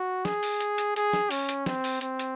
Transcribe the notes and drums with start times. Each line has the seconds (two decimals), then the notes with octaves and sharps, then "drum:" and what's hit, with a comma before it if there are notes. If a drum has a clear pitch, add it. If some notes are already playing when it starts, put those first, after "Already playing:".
Already playing: F#4
0.25 G#4, drum: snare
0.43 drum: open hi-hat
0.60 drum: hi-hat
0.78 drum: hi-hat
0.96 G#4, drum: hi-hat
1.13 drum: snare
1.30 C#4, drum: open hi-hat
1.49 drum: hi-hat
1.66 C4, drum: snare
1.84 drum: open hi-hat
2.01 C4, drum: hi-hat
2.19 drum: hi-hat